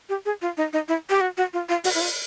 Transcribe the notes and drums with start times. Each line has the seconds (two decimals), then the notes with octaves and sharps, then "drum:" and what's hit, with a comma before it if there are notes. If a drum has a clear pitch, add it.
0.09 G4
0.26 G#4
0.42 F4
0.57 D#4
0.73 D#4
0.88 E4
1.10 G4
1.21 F#4
1.37 F#4
1.53 F4
1.69 F4
1.84 F#4, drum: open hi-hat
1.95 E4
2.01 F4